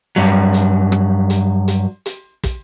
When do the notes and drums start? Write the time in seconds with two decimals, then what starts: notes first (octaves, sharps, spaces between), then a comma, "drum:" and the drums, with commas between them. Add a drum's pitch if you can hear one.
0.16 G2 F#3
0.54 drum: hi-hat
0.92 drum: rim click
1.30 drum: hi-hat
1.68 drum: hi-hat
2.06 drum: hi-hat
2.44 drum: kick, hi-hat